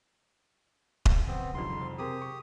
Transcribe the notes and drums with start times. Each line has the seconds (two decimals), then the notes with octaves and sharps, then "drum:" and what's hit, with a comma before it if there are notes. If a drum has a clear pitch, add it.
1.05 drum: kick D#1
1.27 C#3 F3 B3 C4
1.54 E1 B1 F2 C6
1.78 C3 C5
1.98 C4 G4 G#4 A#4 D#6
2.22 C#6